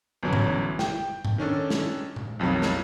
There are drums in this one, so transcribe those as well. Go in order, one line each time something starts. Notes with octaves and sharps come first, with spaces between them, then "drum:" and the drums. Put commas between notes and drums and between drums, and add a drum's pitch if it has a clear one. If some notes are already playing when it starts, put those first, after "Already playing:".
G1 E2 B2 F#3 C#4
drum: tom G#2
G5, drum: snare
drum: tom G#2
D#3 C#4 D4 A4
drum: snare
drum: tom A#2
B1 F2 D#3 F#3
drum: snare